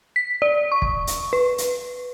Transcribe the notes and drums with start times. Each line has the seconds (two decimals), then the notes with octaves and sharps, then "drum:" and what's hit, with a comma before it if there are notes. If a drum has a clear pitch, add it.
0.16 B6
0.42 D5
0.72 C#6
0.82 drum: kick
1.07 drum: hi-hat
1.33 B4
1.58 drum: hi-hat